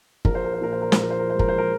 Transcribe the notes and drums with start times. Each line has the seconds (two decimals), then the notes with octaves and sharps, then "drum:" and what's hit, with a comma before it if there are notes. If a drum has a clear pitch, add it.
0.25 A#1 A#4, drum: kick
0.35 C5
0.44 A#4
0.54 C5
0.61 A#2 A#4
0.72 C5
0.82 A#4
0.92 A#1 C5, drum: snare
1.02 A#4
1.10 C5
1.19 A#4
1.30 G#3 C5
1.39 A#4, drum: kick
1.48 C5
1.58 A#4